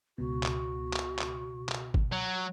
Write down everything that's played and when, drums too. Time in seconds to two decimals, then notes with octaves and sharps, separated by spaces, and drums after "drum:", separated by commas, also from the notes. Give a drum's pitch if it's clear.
0.18 C#2 B2 F#4
0.43 drum: clap
0.94 drum: clap
1.19 drum: clap
1.69 drum: clap
1.94 drum: kick
2.12 F#3